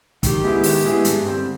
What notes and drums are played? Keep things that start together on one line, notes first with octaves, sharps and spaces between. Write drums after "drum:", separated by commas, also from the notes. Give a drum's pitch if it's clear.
D#3 G4, drum: kick, hi-hat
G#3 B3 E4 G#4
D#3, drum: open hi-hat
G#3 B3 E4 G#4
G2, drum: hi-hat
D3 G3 C4